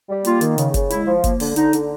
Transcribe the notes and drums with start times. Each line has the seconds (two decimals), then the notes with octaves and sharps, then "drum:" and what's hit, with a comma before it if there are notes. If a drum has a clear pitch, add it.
0.09 G3
0.25 A#3 F4, drum: hi-hat
0.41 D#3, drum: hi-hat
0.58 C#3, drum: hi-hat
0.74 C#3, drum: kick, hi-hat
0.90 G#3 E4, drum: hi-hat
1.07 F3
1.24 A#3, drum: kick, hi-hat
1.40 D3, drum: open hi-hat
1.56 D3 D#4, drum: hi-hat
1.73 D3, drum: hi-hat